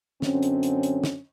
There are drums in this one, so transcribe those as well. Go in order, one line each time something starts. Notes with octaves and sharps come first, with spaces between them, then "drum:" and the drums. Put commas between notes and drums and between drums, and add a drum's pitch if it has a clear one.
F#2 D3 C4 C#4, drum: snare
drum: hi-hat
drum: hi-hat
drum: hi-hat
drum: snare